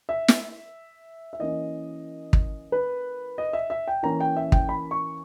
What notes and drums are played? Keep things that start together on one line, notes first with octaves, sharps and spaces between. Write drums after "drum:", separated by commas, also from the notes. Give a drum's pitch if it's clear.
E5
drum: snare
E5
E3 A#3 C#4 D#5
drum: kick
B4
D#5
E5
E5
G5
E3 A#3 C#4 A#5
G5
E5
G5, drum: kick
B5
C#6